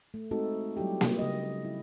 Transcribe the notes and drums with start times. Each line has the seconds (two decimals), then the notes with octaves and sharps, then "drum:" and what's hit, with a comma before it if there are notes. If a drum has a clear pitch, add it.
0.14 A3
0.31 G#3 A3 C4 D#4 F#4 A4
0.77 F#3 G3 E4 G4
1.01 drum: snare A#3
1.19 C#3 D#5
1.65 E4